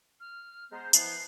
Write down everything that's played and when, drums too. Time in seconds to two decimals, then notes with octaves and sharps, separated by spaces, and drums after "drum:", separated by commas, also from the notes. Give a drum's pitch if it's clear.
0.20 F6
0.72 G#3 B3 C5 A#5
0.93 E3 F3 B3 C7, drum: tambourine